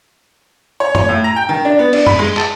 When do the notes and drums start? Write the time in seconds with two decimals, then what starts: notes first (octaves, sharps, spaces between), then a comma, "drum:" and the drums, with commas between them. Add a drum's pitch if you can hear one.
0.80 C#5
0.95 C#5, drum: tom F#2
1.09 A2
1.24 A#5
1.36 G5
1.49 D#3
1.65 D4
1.79 B3
1.93 D4, drum: cymbal
2.06 B5, drum: tom F#2
2.19 G#3
2.37 A5, drum: clap